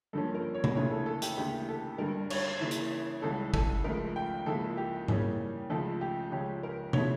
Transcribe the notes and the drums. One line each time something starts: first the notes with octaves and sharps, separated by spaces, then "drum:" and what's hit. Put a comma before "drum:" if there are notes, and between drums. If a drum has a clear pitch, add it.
G2 D3 F3 A#3 C#4 A4
A#4
C#5
drum: tom
D2 C#3 E3 A#3 C#5
A4
A4
G4, drum: hi-hat
D2 C#3 E3 A#3 G4
A4
G2 D3 G3 A#4
C#5, drum: cymbal
C#3 E3 A#3 E4
drum: hi-hat
C#2 C#3 E3 G3 A4
A4, drum: kick
C#2 C#3 F3 A3 A#4
G5
C#2 C#3 F3 A#3 E4 A4
G4
C#3 E3 G3 A#3 C#4, drum: tom G#2
C#2 C#3 F3 A3 A4
G4
C#2 C#3 F3 C#4 G4
A#4
C#3 F3 A3 E4 C#5, drum: tom C3